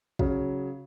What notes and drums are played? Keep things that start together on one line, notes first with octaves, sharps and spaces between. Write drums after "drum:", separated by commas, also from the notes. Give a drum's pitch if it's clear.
C#3 F#3, drum: kick